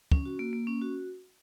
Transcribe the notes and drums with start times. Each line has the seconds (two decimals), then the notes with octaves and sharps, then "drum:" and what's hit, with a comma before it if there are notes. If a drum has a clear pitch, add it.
0.12 C#4, drum: kick
0.25 F#4
0.39 A#3
0.53 A#3
0.67 C#4
0.82 F#4